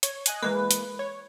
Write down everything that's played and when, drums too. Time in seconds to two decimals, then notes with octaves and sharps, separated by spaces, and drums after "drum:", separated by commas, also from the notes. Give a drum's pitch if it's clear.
0.03 C#5, drum: hi-hat
0.26 D#5 G#5 F#6, drum: hi-hat
0.42 E3 G#3 A#3 B4
0.71 drum: hi-hat
0.99 C#5